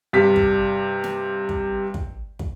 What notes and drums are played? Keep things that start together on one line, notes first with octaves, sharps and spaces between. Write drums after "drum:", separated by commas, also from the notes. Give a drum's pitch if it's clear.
G2 C3 B6
drum: kick
drum: snare
drum: kick
drum: kick
drum: kick